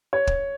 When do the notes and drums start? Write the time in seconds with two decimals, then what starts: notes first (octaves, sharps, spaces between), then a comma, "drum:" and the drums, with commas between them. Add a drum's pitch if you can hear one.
0.13 C#5
0.27 drum: kick